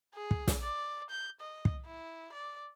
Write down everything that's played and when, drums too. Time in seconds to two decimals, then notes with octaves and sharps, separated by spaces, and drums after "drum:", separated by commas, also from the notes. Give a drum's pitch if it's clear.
0.14 G#4
0.31 drum: kick
0.48 drum: snare
0.61 D5
1.10 G6
1.40 D#5
1.65 drum: kick
1.86 E4
2.32 D5